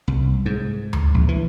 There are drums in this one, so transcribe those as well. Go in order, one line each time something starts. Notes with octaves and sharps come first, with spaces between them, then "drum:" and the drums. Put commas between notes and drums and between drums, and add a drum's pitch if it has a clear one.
C2
G#2
drum: tom D2
A#1
E3